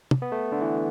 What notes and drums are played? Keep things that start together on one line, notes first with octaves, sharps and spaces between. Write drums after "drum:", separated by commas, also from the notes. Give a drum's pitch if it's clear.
drum: tom
B3
A3
D3
E3